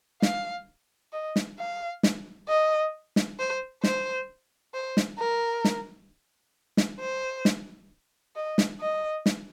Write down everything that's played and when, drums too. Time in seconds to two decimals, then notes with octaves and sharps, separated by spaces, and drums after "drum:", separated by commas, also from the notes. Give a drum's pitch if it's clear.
0.22 F5, drum: snare
1.13 D#5
1.36 drum: snare
1.59 F5
2.03 drum: snare
2.48 D#5
3.16 drum: snare
3.39 C5
3.84 C5, drum: snare
4.74 C5
4.97 drum: snare
5.19 A#4
5.65 drum: snare
6.77 drum: snare
7.00 C5
7.45 drum: snare
8.36 D#5
8.58 drum: snare
8.81 D#5
9.26 drum: snare